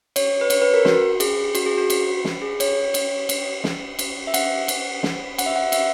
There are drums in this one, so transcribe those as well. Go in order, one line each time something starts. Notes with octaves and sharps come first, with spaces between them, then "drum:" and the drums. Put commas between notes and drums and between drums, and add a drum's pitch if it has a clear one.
C#5, drum: cymbal
B4
C#5, drum: cymbal
B4
A#4
F#4, drum: snare
G#4, drum: cymbal
F#4, drum: cymbal
G#4
F#4
drum: cymbal
drum: snare
G#4
C#5, drum: cymbal
drum: cymbal
drum: cymbal
drum: snare
drum: cymbal
E5
F#5, drum: cymbal
drum: cymbal
drum: snare
F#5, drum: cymbal
E5
F#5
E5, drum: cymbal